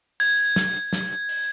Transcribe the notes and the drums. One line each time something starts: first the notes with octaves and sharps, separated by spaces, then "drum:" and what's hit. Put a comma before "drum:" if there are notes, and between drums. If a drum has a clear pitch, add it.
G#6, drum: open hi-hat
drum: snare
drum: snare
drum: open hi-hat